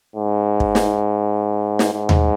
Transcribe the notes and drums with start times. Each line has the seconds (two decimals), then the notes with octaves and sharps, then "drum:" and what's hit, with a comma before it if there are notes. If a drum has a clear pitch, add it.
0.16 G#2
0.60 drum: kick
0.75 drum: snare
1.79 drum: snare
1.94 G#2
2.09 drum: tom D#2